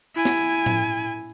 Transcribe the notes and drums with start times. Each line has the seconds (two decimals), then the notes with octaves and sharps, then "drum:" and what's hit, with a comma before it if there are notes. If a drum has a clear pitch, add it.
0.16 E4 G#5
0.25 drum: snare
0.66 drum: tom A2